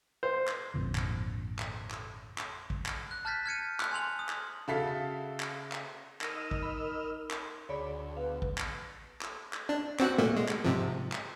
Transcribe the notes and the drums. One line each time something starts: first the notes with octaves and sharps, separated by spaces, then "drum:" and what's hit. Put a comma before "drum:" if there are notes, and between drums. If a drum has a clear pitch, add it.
C5
drum: clap
G#1 F2 A#2 D3
drum: clap
drum: clap
drum: clap
drum: clap
drum: kick
drum: clap
F#6
A5 F6 G6 A6 B6
F6 G#6 C#7 D#7
F#6, drum: clap
G#5 C6 F7 F#7
D#6
drum: clap
C#3 F#4 A4 E5 F5 B6
drum: clap
drum: clap
D#4 A#4 D#5 E6 F6 A#6 D#7, drum: clap
drum: kick
B5
drum: clap
D2 G#4 C#5 D5 B5
B3 B4 F5
drum: kick
drum: clap
drum: clap
drum: clap
D4
C4 F#4 F#6, drum: clap
A#2 A3 A#3
G#3
drum: clap
G#2 C3 F3
drum: clap